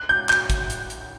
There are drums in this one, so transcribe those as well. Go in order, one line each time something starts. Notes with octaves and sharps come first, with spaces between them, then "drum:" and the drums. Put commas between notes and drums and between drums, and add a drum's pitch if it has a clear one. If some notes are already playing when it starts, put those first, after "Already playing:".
Already playing: F#6
G6
G6, drum: clap
drum: kick, hi-hat
drum: hi-hat
drum: hi-hat